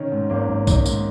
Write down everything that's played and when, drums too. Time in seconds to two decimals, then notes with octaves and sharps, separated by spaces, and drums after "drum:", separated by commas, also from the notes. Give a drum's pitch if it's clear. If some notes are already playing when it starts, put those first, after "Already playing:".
Already playing: D#3 C#4
0.12 G#2
0.30 G#1 A#3
0.49 G#1
0.67 G#1 D#4, drum: kick B1, tambourine
0.86 G#2, drum: tambourine